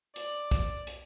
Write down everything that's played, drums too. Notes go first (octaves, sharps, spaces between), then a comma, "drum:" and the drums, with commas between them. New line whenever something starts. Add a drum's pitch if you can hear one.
D5, drum: hi-hat
drum: kick, hi-hat
drum: hi-hat